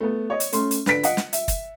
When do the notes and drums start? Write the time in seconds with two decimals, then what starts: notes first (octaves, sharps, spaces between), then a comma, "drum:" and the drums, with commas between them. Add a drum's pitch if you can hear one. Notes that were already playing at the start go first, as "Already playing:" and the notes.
0.01 A3 B3
0.30 C#5 D#5
0.40 drum: hi-hat
0.52 A3 C#4 C6, drum: hi-hat
0.71 drum: hi-hat
0.86 D3 B4 B6 D7, drum: snare
1.03 D#5 F#5 C#7, drum: hi-hat
1.17 drum: snare
1.33 E5, drum: hi-hat
1.48 drum: kick, hi-hat